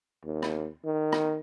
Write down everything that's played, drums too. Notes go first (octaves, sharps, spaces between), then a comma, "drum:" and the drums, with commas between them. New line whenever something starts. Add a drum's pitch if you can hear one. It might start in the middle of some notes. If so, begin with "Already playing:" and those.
D#2
drum: rim click
D#3
drum: rim click